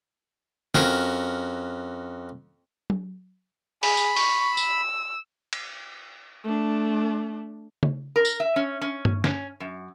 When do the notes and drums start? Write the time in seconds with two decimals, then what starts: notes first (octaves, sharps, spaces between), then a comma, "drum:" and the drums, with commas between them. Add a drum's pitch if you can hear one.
0.74 F2 C#4 F#4 A#4, drum: snare
2.90 drum: tom F#3
3.83 G#4 B5, drum: open hi-hat
3.97 drum: tambourine
4.16 C#6, drum: open hi-hat
4.57 E6, drum: tambourine
5.53 drum: cymbal
6.44 A3 D4
7.83 drum: tom C#3
8.16 A#4
8.25 drum: tambourine
8.40 E5
8.56 C#4
8.81 C#4
9.05 drum: tom G2
9.24 C#4, drum: snare
9.60 F#2